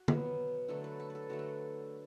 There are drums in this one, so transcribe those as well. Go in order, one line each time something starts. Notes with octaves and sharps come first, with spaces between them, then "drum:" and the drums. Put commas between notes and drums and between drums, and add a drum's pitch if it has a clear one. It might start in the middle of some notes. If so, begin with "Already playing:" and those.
Already playing: F#4
B2 F#3 B3, drum: tom D3
D3 F#3 A3 A4
B4
A4
A4 B4
D3 F#3 A3 F#4
A4